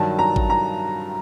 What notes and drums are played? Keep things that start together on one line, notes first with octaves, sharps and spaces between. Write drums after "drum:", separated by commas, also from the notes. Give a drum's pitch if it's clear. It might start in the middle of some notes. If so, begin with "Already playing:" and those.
Already playing: G2 D#3 F#3 A5
A#5
drum: kick G#1
A#5